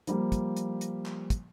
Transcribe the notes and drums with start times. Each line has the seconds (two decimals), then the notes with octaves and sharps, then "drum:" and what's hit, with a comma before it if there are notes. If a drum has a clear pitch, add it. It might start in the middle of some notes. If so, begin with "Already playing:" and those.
0.07 F3 G3 A#3, drum: hi-hat
0.32 drum: kick, hi-hat
0.57 drum: hi-hat
0.81 drum: hi-hat
1.06 drum: clap
1.30 drum: kick, hi-hat